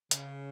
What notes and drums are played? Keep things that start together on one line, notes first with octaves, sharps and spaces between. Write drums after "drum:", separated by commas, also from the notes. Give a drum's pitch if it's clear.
C#3, drum: hi-hat